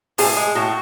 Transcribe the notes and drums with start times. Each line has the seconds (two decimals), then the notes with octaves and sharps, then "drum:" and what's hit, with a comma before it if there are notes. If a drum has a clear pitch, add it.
0.18 A2 G#4, drum: open hi-hat
0.37 G#3
0.55 A2 F#4